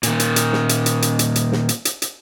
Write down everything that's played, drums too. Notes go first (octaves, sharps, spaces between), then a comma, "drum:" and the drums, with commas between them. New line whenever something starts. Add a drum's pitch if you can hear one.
A#2 D#3, drum: hi-hat
drum: hi-hat
drum: hi-hat
drum: snare
drum: hi-hat
drum: hi-hat
drum: hi-hat
drum: hi-hat
drum: hi-hat
drum: snare
drum: hi-hat
drum: hi-hat
drum: hi-hat